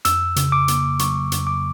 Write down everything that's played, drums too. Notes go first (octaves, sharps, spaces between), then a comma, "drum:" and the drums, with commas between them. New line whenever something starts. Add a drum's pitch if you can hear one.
F2 E6, drum: hi-hat
C#3, drum: hi-hat
D6
A#3, drum: hi-hat
F#3 C#6, drum: hi-hat
F2, drum: hi-hat
D6